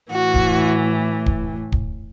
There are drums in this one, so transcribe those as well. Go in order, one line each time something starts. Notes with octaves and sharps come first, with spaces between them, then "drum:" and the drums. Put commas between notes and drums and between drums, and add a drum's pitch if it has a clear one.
A2 E3 F#4
drum: kick
drum: kick
drum: kick